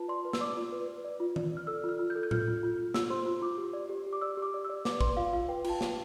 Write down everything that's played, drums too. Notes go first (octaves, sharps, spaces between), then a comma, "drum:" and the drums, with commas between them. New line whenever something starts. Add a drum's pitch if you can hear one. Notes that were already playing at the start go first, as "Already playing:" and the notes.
Already playing: F4 B4 A5
D5 C6
B4
E6, drum: snare
D5 D6
F4
B4
B4
D5
F4
D5, drum: tom D#3
D5
F6
A4 E6
F4
F6
F4
G6
A4
G6
F4 F6, drum: tom A2
F4
F4
F4
F4 E6, drum: snare
C5 C6
F4
F4 D6
G4
D5
G4
G4
D6
D5 E6
G4
D6
D5
D5 E6
B4 D6, drum: snare
B4 C6, drum: kick
F4 F5
F4 F5
B4 G5
F4, drum: cymbal
A5
B4, drum: snare